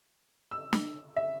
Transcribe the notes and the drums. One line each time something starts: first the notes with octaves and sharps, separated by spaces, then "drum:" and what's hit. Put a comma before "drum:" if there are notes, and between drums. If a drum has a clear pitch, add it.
E6
drum: snare
E5